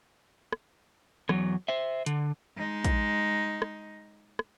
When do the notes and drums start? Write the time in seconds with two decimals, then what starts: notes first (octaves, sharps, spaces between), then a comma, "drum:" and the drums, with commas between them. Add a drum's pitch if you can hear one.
0.52 drum: rim click
1.29 E2 F#3, drum: rim click
1.68 C5 E5
2.06 D3, drum: hi-hat
2.57 G#3 D#4
2.84 drum: kick, hi-hat
3.62 drum: rim click
4.39 drum: rim click